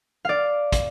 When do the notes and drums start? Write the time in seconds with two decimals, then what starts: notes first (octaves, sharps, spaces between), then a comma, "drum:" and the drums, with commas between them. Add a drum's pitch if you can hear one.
0.25 D5 F5
0.72 drum: kick, hi-hat